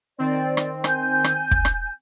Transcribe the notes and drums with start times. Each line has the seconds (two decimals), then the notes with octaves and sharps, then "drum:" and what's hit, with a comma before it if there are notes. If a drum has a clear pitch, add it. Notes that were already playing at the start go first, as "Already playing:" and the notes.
0.18 D#3 C4 D5 G5
0.57 drum: rim click
0.84 G#5 G6, drum: rim click
1.24 drum: rim click
1.51 drum: kick
1.65 drum: rim click